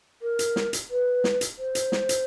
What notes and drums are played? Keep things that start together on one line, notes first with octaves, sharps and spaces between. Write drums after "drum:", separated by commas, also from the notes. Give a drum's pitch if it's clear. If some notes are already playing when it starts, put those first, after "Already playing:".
A#4
drum: hi-hat
drum: snare
drum: hi-hat
B4
drum: snare
drum: hi-hat
C5
drum: hi-hat
drum: snare
drum: hi-hat